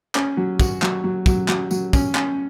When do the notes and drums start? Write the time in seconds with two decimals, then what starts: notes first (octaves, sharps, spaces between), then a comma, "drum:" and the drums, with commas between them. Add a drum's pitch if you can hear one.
0.15 C#4, drum: clap
0.37 F#3
0.60 F#4, drum: kick, tambourine
0.82 F#3, drum: clap
1.04 F#3
1.26 F#3, drum: kick, tambourine
1.48 F#3, drum: clap
1.71 F#3, drum: tambourine
1.93 C#4, drum: kick, tambourine
2.15 C#4, drum: clap